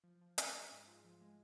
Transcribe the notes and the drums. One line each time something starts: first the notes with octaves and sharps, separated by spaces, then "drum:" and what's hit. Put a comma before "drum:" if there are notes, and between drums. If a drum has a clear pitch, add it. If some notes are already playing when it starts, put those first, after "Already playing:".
F3
F3
C#4, drum: hi-hat
G#4
G#2
F4
F3
G#3